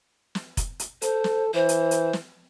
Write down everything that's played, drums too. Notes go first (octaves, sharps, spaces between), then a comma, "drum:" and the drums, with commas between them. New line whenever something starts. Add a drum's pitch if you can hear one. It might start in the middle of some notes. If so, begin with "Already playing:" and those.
drum: snare
drum: kick F1, hi-hat
drum: hi-hat
A4 C5, drum: hi-hat
drum: snare
E3 C5
drum: hi-hat
drum: hi-hat
drum: snare